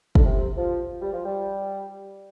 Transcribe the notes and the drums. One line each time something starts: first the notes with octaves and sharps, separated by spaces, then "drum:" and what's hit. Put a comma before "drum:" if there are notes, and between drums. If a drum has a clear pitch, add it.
D3, drum: kick
C3
F3
G3
F3
G3